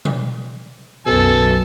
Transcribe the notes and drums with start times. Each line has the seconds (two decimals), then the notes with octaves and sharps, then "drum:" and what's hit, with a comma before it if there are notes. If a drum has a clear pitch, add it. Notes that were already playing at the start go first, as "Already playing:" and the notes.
0.05 drum: tom B2
1.06 B1 F#2 B2 A4 G#5 A5 E6